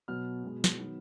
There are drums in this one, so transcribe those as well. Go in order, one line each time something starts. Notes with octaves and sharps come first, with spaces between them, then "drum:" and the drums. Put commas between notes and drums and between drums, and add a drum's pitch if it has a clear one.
B2 F#3 B3 F6
B2 G#3 B3
drum: snare
D#3 F#3 B3